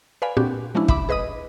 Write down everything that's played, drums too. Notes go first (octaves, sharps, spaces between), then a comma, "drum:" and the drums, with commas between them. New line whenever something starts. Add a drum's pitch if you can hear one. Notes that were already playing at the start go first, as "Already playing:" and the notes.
B4 D5 F5 G#5 B5
A#2 C4 D4 F#4 G4
F3 G#3 C#4 D4 E4
E5 B5 D6, drum: kick
G#4 B4 D#5 B5 D#6